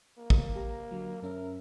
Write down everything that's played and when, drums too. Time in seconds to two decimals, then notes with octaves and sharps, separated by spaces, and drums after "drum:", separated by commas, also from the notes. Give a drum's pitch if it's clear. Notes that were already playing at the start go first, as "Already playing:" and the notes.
0.18 A#3
0.30 drum: kick
0.54 A#1 G4 A#5
0.91 D3 F#3
1.22 F#2 C#4 A#4 E5